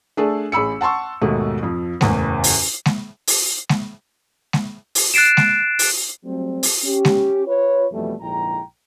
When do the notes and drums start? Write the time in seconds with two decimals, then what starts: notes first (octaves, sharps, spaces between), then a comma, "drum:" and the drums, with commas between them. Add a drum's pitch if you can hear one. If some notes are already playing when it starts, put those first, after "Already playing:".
0.17 A3 D4 G#4 A4
0.52 A1 G#4 B5 E6 C#7
0.81 F#5 A5 C6 C#6 E6
1.21 D#2 G#2 B2 A3
1.63 F2 F3
2.01 F#1 E2 A2, drum: snare G#3
2.44 drum: open hi-hat
2.86 drum: snare G#3
3.27 drum: open hi-hat
3.69 drum: snare G#3
4.53 drum: snare G#3
4.95 drum: open hi-hat
5.14 F#6 A6 C7 D7 E7
5.37 drum: snare G#3
5.79 drum: open hi-hat
6.24 F#3 G3 A3 C4
6.63 drum: open hi-hat
6.84 C#4 G4
7.05 drum: snare G#3
7.47 F4 B4 C#5
7.91 F2 B2 E3 G3 A3
8.21 A#1 G#2 D3 E4 G5 A#5